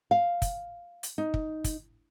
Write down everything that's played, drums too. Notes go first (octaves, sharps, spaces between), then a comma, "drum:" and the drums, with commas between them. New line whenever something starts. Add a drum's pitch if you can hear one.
F5
drum: kick, hi-hat
drum: hi-hat
D#4
drum: kick
drum: kick, hi-hat